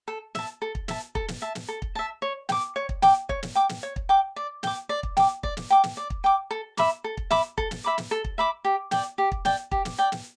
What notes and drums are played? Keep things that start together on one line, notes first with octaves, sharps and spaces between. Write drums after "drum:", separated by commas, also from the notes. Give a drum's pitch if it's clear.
A4
E5 A5, drum: snare
A4
drum: kick
E5 A5, drum: snare
A4, drum: kick
drum: snare
E5 A5
drum: snare
A4
drum: kick
E5 A5
C#5
G5, drum: snare
D6
C#5
drum: kick
G5 D6, drum: snare
C#5, drum: kick
drum: snare
G5 D6
drum: snare
C#5
drum: kick
G5 D6
D5
G5 D6, drum: snare
D5
drum: kick
G5 D6, drum: snare
D5, drum: kick
drum: snare
G5 D6
drum: snare
D5
drum: kick
G5 D6
A4
E5 B5 D6, drum: snare
A4
drum: kick
E5 B5 D6, drum: snare
A4, drum: kick
drum: snare
E5 B5 D6
drum: snare
A4
drum: kick
E5 B5 D6
G4
D5 G5, drum: snare
G4
drum: kick
D5 G5, drum: snare
G4, drum: kick
drum: snare
D5 G5
drum: snare